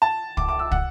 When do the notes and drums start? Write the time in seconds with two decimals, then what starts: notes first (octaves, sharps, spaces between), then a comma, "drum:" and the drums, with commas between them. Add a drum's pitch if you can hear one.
0.02 A5
0.37 D6, drum: kick
0.49 D6
0.59 E6
0.71 F#5, drum: kick